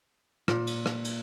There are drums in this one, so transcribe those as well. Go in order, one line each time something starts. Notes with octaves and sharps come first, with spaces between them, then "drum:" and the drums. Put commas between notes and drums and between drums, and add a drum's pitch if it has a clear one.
A#2, drum: rim click
drum: cymbal
drum: rim click
drum: cymbal